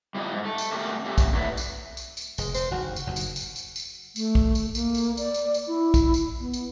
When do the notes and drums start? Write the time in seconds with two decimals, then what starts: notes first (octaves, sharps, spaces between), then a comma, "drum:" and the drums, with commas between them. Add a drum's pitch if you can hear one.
0.15 G3 E4 F4 A#4 D#5
0.31 G#2
0.44 A3 A4
0.58 drum: tambourine
0.73 A3 C#4 F#4 G4 A4 A#4
1.06 A3 A#3 C#4 G4 A4
1.18 drum: kick, tambourine
1.34 F#3 A3 E4 B4 D5 E5
1.57 drum: tambourine
1.97 drum: tambourine
2.17 drum: tambourine
2.38 F1 G#3, drum: tambourine
2.54 C5, drum: tambourine
2.71 F#1 D#2 F#4
2.96 drum: tambourine
3.07 F#1 D#2
3.16 drum: tambourine
3.36 drum: tambourine
3.56 drum: tambourine
3.76 drum: tambourine
4.16 A3, drum: tambourine
4.35 drum: kick
4.55 drum: tambourine
4.75 A#3, drum: tambourine
4.95 drum: tambourine
5.17 D5, drum: tambourine
5.34 drum: tambourine
5.54 drum: tambourine
5.67 E4
5.94 drum: kick, tambourine
6.14 drum: tambourine
6.40 B3
6.53 drum: tambourine